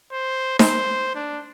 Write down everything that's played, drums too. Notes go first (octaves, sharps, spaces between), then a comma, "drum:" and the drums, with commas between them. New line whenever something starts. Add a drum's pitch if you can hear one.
C5
C5, drum: snare D#4
D4